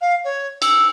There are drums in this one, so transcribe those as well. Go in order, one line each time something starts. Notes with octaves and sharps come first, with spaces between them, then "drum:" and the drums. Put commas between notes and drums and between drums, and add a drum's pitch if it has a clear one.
F5
C#5
E6, drum: cymbal